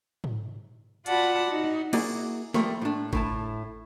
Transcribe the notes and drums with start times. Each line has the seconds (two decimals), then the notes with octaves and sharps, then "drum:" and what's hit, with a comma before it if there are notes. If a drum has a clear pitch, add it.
0.24 drum: tom
1.06 F4 F#4 D5 F#5 A5 B5, drum: hi-hat
1.50 D#4 F#4
1.93 A#3 E4 F#4 G#4 D5, drum: cymbal
2.54 F3 G3 A3 A#3, drum: snare
2.82 A2 D4
3.13 A2 E4 A5, drum: kick G#1